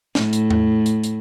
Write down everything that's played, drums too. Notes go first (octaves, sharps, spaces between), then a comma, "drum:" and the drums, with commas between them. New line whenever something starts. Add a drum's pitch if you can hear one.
A2, drum: snare
drum: hi-hat
drum: tom E2
drum: hi-hat
drum: hi-hat